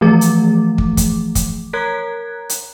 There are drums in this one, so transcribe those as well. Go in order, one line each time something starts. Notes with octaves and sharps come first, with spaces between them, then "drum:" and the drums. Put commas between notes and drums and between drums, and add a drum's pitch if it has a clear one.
E3 F3 A3 G#4 D6
drum: hi-hat
drum: kick
drum: kick, hi-hat
drum: kick, hi-hat
A#4 C#5 A#5 F#6 G#6
drum: hi-hat